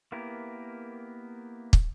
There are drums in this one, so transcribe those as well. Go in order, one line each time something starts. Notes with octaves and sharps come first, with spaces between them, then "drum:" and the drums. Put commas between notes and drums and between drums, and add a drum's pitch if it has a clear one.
A#3 B3 E4 G4 A#4
drum: kick